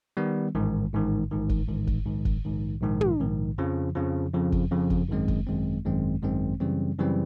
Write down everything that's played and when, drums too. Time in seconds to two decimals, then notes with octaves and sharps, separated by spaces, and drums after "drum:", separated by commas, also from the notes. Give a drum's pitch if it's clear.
0.17 D#3 G3 B3
0.55 A1 G#2 D#3
0.93 A1 G#2 D#3
1.31 A1 G#2 D#3
1.49 drum: kick
1.68 A1 G#2 D#3
1.87 drum: kick
2.06 A#1 G#2 D#3
2.25 drum: kick
2.45 A#1 G#2 D#3
2.82 A#1 G#2 D#3
3.01 drum: tom
3.20 A#1 G#2 D#3
3.58 F2 C#3 F3
3.95 F2 C#3 F3
4.33 F2 C#3 F3
4.52 drum: kick
4.71 F2 C#3 F3
4.90 drum: kick
5.08 G#1 F#2 D#3 G#3 C4
5.28 drum: kick
5.47 G#1 F#2 D#3 G#3 C4
5.85 G#1 F#2 D#3 G#3 C4
6.22 G#1 F#2 D#3 G#3 C4
6.60 F#2 C#3 E3 G3 C4
6.98 F#2 C#3 E3 G3 C4